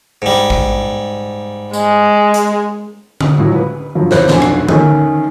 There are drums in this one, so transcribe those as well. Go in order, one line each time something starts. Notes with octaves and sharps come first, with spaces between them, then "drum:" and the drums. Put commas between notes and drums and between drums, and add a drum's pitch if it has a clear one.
G#2 G3
drum: kick A1
G#3, drum: tambourine
drum: hi-hat
drum: tom D3
C#2 A2 F#3
B4
G2 F3 F#3
D#2 C3 E4 C5 C#5 F#6, drum: snare
F1 B1 D4 F#5 G#5, drum: snare
drum: rim click
D#3 A3 C#4 A4 D#5, drum: tom D3